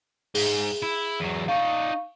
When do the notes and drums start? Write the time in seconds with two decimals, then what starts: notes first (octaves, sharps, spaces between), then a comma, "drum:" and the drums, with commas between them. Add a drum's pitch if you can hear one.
0.35 G#2 G#4, drum: open hi-hat
0.83 E4
1.20 E2 F#3
1.48 D#4 D5 F5 C#6